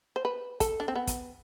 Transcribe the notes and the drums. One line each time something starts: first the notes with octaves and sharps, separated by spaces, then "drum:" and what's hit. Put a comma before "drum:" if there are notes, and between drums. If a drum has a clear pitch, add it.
C5
B4
A4, drum: kick, hi-hat
D4
C4
B3
drum: kick, hi-hat